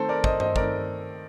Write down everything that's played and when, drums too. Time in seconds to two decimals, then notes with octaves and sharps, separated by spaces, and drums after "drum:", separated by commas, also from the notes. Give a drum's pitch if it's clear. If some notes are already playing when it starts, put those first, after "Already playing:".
Already playing: D#3 A3 C4 A4 C5
0.09 A#4 D5
0.24 C5 D#5, drum: kick
0.40 C5 D#5, drum: tom G2
0.56 D#3 A3 C4 A#4 D5, drum: kick